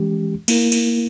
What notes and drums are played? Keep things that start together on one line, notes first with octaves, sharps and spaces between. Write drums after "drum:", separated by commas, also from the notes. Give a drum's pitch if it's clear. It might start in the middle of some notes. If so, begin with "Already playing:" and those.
Already playing: E3 G#3 C#4 G4
A#3 E4 A#4, drum: cymbal
drum: cymbal